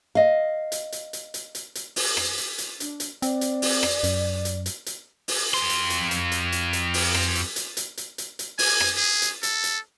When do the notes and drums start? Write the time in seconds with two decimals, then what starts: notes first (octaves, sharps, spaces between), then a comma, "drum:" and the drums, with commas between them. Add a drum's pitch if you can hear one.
0.15 D#5 F5
0.72 drum: hi-hat
0.92 drum: hi-hat
1.13 drum: hi-hat
1.34 drum: hi-hat
1.55 drum: hi-hat
1.75 drum: hi-hat
1.96 drum: open hi-hat
2.17 drum: rim click
2.38 drum: hi-hat
2.58 drum: hi-hat
2.80 D4, drum: hi-hat
3.00 drum: hi-hat
3.22 C4 D5, drum: hi-hat
3.41 drum: hi-hat
3.62 drum: open hi-hat
3.83 drum: rim click
4.03 F#2, drum: hi-hat
4.45 drum: hi-hat
4.66 drum: hi-hat
4.86 drum: hi-hat
5.28 drum: open hi-hat
5.54 F2 C6
5.69 drum: hi-hat
5.90 drum: hi-hat
6.11 drum: hi-hat
6.32 drum: hi-hat
6.52 drum: hi-hat
6.73 drum: hi-hat
6.94 drum: open hi-hat
7.15 drum: rim click
7.35 drum: hi-hat
7.56 drum: hi-hat
7.77 drum: hi-hat
7.97 drum: hi-hat
8.18 drum: hi-hat
8.39 drum: hi-hat
8.59 G#5, drum: open hi-hat
8.80 drum: rim click
8.97 G#4
9.22 drum: hi-hat
9.43 A4, drum: hi-hat
9.63 drum: hi-hat